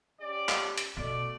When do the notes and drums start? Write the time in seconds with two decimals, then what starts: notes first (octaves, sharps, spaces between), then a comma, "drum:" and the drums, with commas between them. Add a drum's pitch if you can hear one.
0.20 C#4 G4 D5
0.49 drum: clap
0.78 drum: hi-hat
0.97 B2 A3 D5